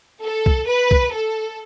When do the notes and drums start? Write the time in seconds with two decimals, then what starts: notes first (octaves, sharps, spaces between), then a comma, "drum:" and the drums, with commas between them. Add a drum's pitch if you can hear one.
0.23 A4
0.46 drum: kick
0.68 B4
0.91 drum: kick
1.13 A4